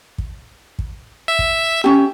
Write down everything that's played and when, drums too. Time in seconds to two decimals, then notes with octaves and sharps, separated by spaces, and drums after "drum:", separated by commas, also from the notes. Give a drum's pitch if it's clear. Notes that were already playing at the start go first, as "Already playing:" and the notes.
0.18 drum: kick
0.79 drum: kick
1.28 E5
1.39 drum: kick
1.84 C#4 G4